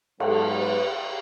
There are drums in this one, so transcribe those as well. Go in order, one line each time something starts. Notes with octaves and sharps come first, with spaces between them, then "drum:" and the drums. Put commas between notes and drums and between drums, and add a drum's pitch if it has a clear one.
G#2 F#3 B3 A4, drum: cymbal
B4